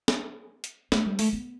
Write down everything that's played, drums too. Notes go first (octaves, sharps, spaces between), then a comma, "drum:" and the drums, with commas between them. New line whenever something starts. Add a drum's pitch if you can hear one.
drum: snare
drum: hi-hat
A3, drum: snare
G3
A3, drum: open hi-hat
B3